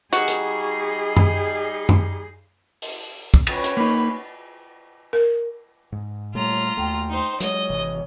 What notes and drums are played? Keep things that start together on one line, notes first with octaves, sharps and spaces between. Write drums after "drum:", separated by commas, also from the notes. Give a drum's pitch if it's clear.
G3 D#4 F#4 G#4, drum: hi-hat
drum: hi-hat
drum: tom F#2
drum: tom F#2
drum: open hi-hat
drum: kick
C#4 B4 C#5, drum: cymbal
drum: hi-hat
A#3 D#4 B5
A#4
G#2
A#2 G3 A3 F4 C#5 A#5
D#2 A3 G5
D#4 C5
F#3 G#3 C#5 D#5, drum: hi-hat
G#1 C3 E3